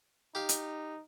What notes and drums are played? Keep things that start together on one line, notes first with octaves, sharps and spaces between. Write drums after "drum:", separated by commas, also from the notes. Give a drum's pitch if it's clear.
D#4 G4 F5
drum: hi-hat